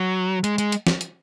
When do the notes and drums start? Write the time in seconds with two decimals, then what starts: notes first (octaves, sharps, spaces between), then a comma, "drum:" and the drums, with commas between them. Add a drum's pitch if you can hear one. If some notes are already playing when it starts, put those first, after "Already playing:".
Already playing: F#3
0.44 G#3, drum: hi-hat
0.58 G#3, drum: hi-hat
0.72 drum: hi-hat
0.87 drum: snare
1.01 drum: hi-hat